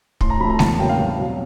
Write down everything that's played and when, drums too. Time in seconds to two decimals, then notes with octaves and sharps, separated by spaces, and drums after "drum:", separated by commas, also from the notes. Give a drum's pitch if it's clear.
0.21 A2 C6, drum: kick
0.30 A#5
0.40 F3 A3 B5
0.50 A#5
0.59 E2 A5, drum: snare
0.79 C#3 F#3 A#3 G5
0.89 F5
0.99 C2
1.19 B2 F#3